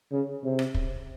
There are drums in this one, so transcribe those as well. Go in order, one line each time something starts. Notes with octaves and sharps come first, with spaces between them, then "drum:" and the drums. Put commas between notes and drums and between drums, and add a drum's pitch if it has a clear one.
C#3
C3
drum: rim click
drum: kick